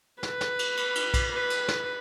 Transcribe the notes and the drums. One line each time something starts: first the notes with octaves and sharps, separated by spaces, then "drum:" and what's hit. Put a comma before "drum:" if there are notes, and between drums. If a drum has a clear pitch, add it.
B4, drum: snare
drum: snare
drum: cymbal
drum: cymbal
drum: cymbal
drum: kick B1, cymbal
B4
drum: cymbal
drum: snare